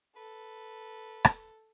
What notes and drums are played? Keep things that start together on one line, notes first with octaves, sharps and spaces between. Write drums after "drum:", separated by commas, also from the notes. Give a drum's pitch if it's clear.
A4 B4
drum: rim click